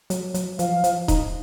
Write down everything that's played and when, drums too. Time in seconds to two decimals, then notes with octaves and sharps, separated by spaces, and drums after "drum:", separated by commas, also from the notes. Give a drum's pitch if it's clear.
0.10 F#3, drum: hi-hat
0.34 F#3, drum: hi-hat
0.59 F3 F5, drum: hi-hat
0.84 F3, drum: hi-hat
1.08 D#4, drum: kick D#1, hi-hat